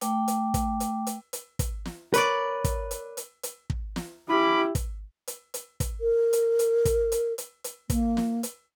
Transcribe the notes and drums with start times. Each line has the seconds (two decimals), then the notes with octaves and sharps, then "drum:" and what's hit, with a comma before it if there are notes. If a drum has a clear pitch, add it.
0.01 A3 G5 D6, drum: hi-hat
0.28 drum: hi-hat
0.54 drum: kick, hi-hat
0.80 drum: hi-hat
1.07 drum: hi-hat
1.33 drum: hi-hat
1.59 drum: kick, hi-hat
1.85 drum: snare
2.14 A#4 B4 C#5 D5, drum: hi-hat
2.64 drum: kick, hi-hat
2.91 drum: hi-hat
3.17 drum: hi-hat
3.43 drum: hi-hat
3.70 drum: kick
3.96 drum: snare
4.29 C#4 E4 G4 B5 D6
4.75 drum: kick, hi-hat
5.28 drum: hi-hat
5.54 drum: hi-hat
5.80 drum: kick, hi-hat
6.01 A#4
6.33 drum: hi-hat
6.59 drum: hi-hat
6.85 drum: kick, hi-hat
7.12 drum: hi-hat
7.38 drum: hi-hat
7.64 drum: hi-hat
7.90 A#3, drum: kick, hi-hat
8.17 drum: snare
8.43 drum: hi-hat